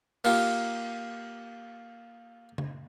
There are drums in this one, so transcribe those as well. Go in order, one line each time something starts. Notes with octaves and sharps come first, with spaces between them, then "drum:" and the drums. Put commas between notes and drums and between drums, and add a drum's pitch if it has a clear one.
A#3 D#4 F4 G4, drum: cymbal
drum: tom C#3